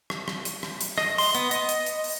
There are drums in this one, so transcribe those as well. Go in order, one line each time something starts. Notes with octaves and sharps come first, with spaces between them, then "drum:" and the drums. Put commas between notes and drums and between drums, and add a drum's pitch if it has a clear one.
drum: rim click
drum: rim click
drum: hi-hat
drum: rim click
drum: hi-hat
D#5, drum: rim click
C6, drum: open hi-hat
B3, drum: hi-hat
D#5, drum: hi-hat
drum: hi-hat
drum: hi-hat
drum: open hi-hat